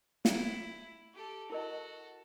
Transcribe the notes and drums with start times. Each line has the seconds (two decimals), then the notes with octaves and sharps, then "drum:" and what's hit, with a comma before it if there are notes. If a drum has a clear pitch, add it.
0.25 E4, drum: snare
1.14 G4 A4
1.50 E4 F#4 A4 A#4 D#5